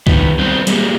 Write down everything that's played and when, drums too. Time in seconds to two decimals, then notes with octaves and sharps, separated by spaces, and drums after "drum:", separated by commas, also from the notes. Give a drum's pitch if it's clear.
0.07 D#3 B3, drum: kick C2
0.39 G3 B3 C4 C5
0.67 G3 G#3 A#3 G4, drum: hi-hat